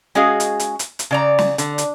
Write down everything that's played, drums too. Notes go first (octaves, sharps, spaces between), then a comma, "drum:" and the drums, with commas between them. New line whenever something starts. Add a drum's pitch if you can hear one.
G#3 C#4 F#4 G#4 D#5 F5
drum: hi-hat
drum: hi-hat
drum: hi-hat
drum: hi-hat
C#3 D5 A#5
drum: snare
D3, drum: hi-hat
drum: hi-hat